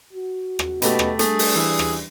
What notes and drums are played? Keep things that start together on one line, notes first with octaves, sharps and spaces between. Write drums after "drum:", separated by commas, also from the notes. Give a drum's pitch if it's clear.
F#4
drum: rim click
F#2 B2 A3 G4 B5, drum: hi-hat
drum: rim click
G3 A3 D4 G#4, drum: hi-hat
drum: open hi-hat
E3
drum: rim click